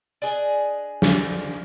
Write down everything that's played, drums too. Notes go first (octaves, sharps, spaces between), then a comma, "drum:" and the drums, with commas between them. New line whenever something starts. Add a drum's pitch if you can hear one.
D4 G#4 D#5
drum: snare